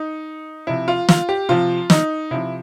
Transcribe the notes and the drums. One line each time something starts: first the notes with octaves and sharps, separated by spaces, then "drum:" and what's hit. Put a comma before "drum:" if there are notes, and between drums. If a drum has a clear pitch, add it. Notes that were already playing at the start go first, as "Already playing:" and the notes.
Already playing: D#4
C3 F3 E4
F4
F4, drum: snare
G4
C3 F3 F4
D#4, drum: snare
C3 F3 E4